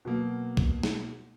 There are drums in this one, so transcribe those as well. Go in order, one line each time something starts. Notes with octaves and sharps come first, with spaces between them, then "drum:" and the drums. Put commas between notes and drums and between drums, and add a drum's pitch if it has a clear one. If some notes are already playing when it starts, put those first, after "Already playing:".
B2 F#3 A#3
drum: kick
drum: snare